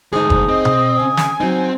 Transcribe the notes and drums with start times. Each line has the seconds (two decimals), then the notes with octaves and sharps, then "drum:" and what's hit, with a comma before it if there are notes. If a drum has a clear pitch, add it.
0.13 D2 G#2 D#4 G#4 D#6
0.30 drum: kick F#1
0.49 C4 D#5
0.65 drum: tom B2
1.00 C#3 G#5
1.17 drum: snare
1.41 F#3 C4 D#4